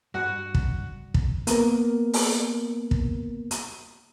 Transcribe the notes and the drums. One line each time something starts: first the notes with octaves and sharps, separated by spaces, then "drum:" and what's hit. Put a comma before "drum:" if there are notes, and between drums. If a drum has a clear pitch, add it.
G2 F#4 D5 F#5 B5
drum: kick
drum: kick
A#3 B3 A#4, drum: hi-hat
drum: open hi-hat
drum: kick
drum: hi-hat